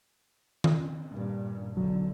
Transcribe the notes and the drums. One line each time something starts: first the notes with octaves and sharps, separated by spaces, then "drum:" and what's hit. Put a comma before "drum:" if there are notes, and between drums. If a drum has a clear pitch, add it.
drum: tom D#3
G2 A#2
F#1 B1 D3 F#3